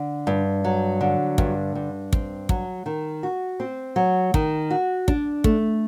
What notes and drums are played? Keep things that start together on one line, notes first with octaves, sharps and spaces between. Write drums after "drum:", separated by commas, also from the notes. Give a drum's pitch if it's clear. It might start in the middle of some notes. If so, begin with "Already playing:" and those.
Already playing: D3
G2
F#3
D3
G2, drum: kick
G2
C4, drum: kick
F#3, drum: kick
D#3
F#4
C4
F#3
D#3, drum: kick
F#4
D4, drum: kick
A3, drum: kick